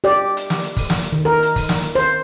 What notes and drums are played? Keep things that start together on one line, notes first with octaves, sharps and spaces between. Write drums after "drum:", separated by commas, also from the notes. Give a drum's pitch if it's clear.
G4 D5
drum: hi-hat
drum: snare
drum: hi-hat
drum: kick, open hi-hat
drum: snare
drum: hi-hat
D#3
A#4
drum: hi-hat
drum: kick, open hi-hat
drum: snare
drum: hi-hat
C5, drum: hi-hat